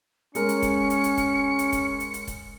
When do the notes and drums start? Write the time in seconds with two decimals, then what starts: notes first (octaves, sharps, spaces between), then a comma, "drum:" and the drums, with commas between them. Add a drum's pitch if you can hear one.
0.35 G#3 C#4 A#4 C#7, drum: hi-hat
0.49 drum: hi-hat
0.62 drum: kick F1, hi-hat
0.90 drum: hi-hat
1.04 drum: hi-hat
1.17 drum: kick F1, hi-hat
1.59 drum: hi-hat
1.72 drum: kick F1, hi-hat
2.00 drum: hi-hat
2.14 drum: hi-hat
2.27 drum: kick F1, hi-hat